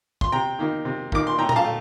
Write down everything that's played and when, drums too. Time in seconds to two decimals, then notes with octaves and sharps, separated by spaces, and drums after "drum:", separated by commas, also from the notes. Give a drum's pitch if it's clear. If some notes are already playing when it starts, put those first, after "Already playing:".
0.21 C6, drum: kick A#1
0.32 C3 G5 A#5
0.59 D#3 A#3
0.85 C3
1.12 D#3 A#3 D6, drum: kick A#1
1.27 C6
1.38 A2 G5 A#5
1.49 A#5, drum: tom A#2
1.56 F5 A5
1.64 A3